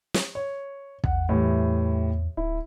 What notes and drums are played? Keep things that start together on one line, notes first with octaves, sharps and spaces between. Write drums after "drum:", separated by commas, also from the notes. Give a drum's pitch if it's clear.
drum: snare
C#5
E2 F#5, drum: kick
A2 E3 G3
D1 E4